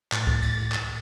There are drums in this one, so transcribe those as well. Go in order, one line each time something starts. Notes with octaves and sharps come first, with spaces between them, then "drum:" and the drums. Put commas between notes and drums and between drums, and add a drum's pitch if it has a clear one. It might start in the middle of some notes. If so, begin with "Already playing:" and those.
A2 A6, drum: clap
drum: kick C#2
drum: cymbal
drum: clap